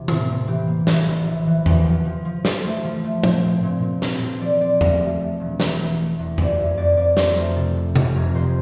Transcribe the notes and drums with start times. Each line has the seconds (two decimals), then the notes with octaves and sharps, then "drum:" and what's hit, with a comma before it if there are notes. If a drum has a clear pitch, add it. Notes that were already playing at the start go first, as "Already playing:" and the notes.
Already playing: E1 C3
0.08 A2 C5, drum: tom D#3
0.28 A#3
0.47 E3 G4
0.67 A#3
0.87 E3 F4, drum: snare
1.07 A#1
1.27 E3
1.46 E3
1.66 E2, drum: tom E2
1.85 F3
2.05 F3
2.25 F3
2.45 F3, drum: snare
2.64 A3
2.84 F3
3.04 A3
3.23 A#2, drum: tom
3.43 C4
3.63 A#2
3.82 A#2
4.02 C4 F4, drum: snare
4.21 A#2 A4
4.41 F3 D5
4.60 C4 D5
4.81 A3, drum: tom E2
5.00 A3
5.20 A3
5.39 E1
5.60 E3, drum: snare
5.79 A3
5.99 A3
6.19 E2
6.38 F2 D5, drum: tom E2
6.58 F2 E5
6.77 F2 D5
6.97 F2 D5
7.17 F2 C5, drum: snare
7.36 A3 A#4
7.56 C3 A4
7.77 C3
7.96 F1 G4, drum: tom C3
8.15 F1 A#4
8.35 F2 C5